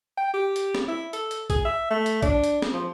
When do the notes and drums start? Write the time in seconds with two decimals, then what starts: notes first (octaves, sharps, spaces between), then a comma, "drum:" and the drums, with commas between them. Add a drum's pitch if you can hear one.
0.18 G5
0.34 G4
0.56 drum: hi-hat
0.75 drum: snare
0.88 E4
1.13 A4, drum: hi-hat
1.31 drum: hi-hat
1.50 G#4, drum: kick, hi-hat
1.65 E5
1.90 A3
2.06 drum: hi-hat
2.22 D4, drum: kick, hi-hat
2.44 drum: hi-hat
2.62 drum: snare
2.74 F3